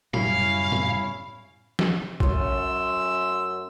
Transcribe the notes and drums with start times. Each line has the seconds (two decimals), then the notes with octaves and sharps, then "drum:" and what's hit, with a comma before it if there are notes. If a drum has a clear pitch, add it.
0.14 F#2 A2 C#3 G3 C#4 E4 F5, drum: tom
0.72 drum: tom
1.79 drum: snare
2.20 F#2 A3 C#4 C6 E6, drum: kick